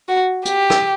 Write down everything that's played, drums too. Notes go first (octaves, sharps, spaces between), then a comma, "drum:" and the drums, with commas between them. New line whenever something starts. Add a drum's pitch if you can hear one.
F#4
G4, drum: hi-hat
drum: rim click